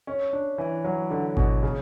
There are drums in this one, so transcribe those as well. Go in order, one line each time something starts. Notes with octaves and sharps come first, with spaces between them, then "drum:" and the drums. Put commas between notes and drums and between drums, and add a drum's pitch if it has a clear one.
C#4
D4
E3
F#3
D3
B2, drum: kick G#1
C#3